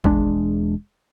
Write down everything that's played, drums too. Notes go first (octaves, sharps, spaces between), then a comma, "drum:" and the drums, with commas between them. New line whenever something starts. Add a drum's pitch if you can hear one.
E1 E2 G#3 D4, drum: kick